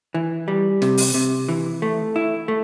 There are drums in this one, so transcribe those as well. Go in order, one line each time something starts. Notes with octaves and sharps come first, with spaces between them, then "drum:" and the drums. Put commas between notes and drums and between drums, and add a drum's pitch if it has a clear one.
E3
G3
C3, drum: snare
drum: open hi-hat
C3
E3
A3
E4
A3